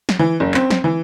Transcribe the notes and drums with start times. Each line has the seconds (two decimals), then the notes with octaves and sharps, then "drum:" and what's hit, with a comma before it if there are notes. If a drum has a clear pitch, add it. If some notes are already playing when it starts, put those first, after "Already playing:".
0.09 drum: snare
0.19 E3
0.40 F#1
0.54 C4, drum: clap
0.70 drum: snare
0.84 E3